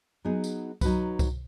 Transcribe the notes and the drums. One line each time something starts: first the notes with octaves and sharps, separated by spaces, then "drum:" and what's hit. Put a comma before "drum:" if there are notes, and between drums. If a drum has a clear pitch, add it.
F#3 B3 D#4 G#4
drum: tambourine
F#3 D#4 F#4 B4, drum: kick C2, tambourine
drum: kick C2, tambourine